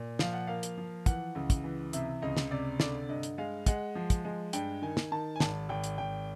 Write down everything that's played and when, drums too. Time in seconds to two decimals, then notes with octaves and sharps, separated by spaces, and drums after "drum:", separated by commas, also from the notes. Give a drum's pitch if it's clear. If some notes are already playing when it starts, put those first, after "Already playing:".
Already playing: A#2
0.19 F3 F5, drum: snare
0.33 F#5
0.47 A#3 F5
0.63 drum: hi-hat
0.77 F3
1.06 E3 F#5, drum: kick, hi-hat
1.35 C#2
1.50 drum: kick, hi-hat
1.64 E3
1.93 C3 E5, drum: hi-hat
2.22 C#2 D#5
2.37 drum: snare
2.51 C3 D5
2.80 D3 D5, drum: snare
3.09 G2 D#5
3.23 drum: hi-hat
3.38 G#3 F5
3.66 G#3 F#5, drum: kick, hi-hat
3.95 F3
4.10 drum: kick, hi-hat
4.25 G#3
4.53 G2 G5, drum: hi-hat
4.82 D#3 G#5
4.97 drum: snare
5.12 D#3 A5
5.36 G#5
5.40 G#1 A5, drum: snare
5.69 G#1 G5
5.84 drum: hi-hat
5.98 G#1 G5